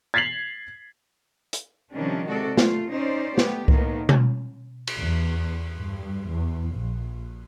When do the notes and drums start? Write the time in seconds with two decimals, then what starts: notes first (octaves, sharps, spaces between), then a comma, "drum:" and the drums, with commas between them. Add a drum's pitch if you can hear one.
0.14 G#6 A6 B6 C7 F7 F#7
1.53 drum: hi-hat
1.93 C3 D#3 F3 G3 C#4 D4
2.28 C3 G#3 F#4 A4 D5
2.57 A3 F4, drum: snare
2.91 C#4 D#4 C5 D5
3.38 A3 B3 G4, drum: snare
3.68 A2 D#3 A#3 B3, drum: kick C2
4.09 drum: tom B2
4.87 drum: cymbal
4.98 E2
5.77 G2
6.29 E2
6.75 A#1